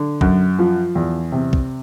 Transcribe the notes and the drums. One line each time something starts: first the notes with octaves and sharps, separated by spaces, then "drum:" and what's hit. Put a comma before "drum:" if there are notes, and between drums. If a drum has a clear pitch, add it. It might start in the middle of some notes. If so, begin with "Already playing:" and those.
Already playing: D3
F#2, drum: kick
F3
E2
C3
drum: kick